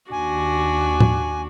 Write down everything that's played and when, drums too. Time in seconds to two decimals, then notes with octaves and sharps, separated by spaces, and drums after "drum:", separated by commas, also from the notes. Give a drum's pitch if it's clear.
0.11 D#2 D4 F#4 G#5
1.00 drum: tom A2